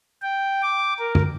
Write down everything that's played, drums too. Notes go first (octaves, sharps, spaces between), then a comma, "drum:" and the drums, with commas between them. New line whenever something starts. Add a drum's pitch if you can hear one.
G5
D6
A#4
drum: tom